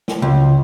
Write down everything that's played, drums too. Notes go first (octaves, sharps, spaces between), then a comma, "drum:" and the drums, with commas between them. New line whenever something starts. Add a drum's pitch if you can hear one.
drum: snare
C#2